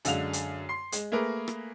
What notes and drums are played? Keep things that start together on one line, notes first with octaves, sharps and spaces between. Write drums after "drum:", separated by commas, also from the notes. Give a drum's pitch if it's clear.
F#2 D3 G#3 F5 F7, drum: hi-hat
drum: hi-hat
C6 C7
G#3, drum: hi-hat
A3 A#3 G#4 A#4 B4
drum: rim click